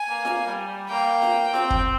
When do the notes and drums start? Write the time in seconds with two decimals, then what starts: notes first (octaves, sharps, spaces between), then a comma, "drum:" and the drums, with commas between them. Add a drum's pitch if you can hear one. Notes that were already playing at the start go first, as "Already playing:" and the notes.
Already playing: G#5
0.09 A#3
0.25 A#3, drum: snare F4
0.46 G3
0.68 G3
0.89 A#3 G5
1.22 drum: snare F4
1.54 C4, drum: snare F4
1.70 drum: kick